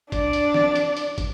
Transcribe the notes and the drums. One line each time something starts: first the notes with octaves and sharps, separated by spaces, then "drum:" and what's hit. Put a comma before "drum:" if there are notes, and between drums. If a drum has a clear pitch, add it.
D4 D5, drum: kick, hi-hat
drum: hi-hat
drum: snare
drum: hi-hat
drum: hi-hat
drum: kick, hi-hat